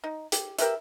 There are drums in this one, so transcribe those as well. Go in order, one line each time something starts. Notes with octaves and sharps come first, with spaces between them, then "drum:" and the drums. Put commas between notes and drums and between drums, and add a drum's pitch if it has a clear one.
D#4
G4, drum: hi-hat
G4 A#4 B4 E5, drum: hi-hat